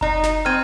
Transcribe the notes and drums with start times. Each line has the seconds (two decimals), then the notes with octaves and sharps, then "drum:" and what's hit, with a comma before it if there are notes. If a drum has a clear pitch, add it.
0.01 D#4 A#5, drum: kick F#1
0.23 drum: snare
0.45 C4 F6 G#6 D#7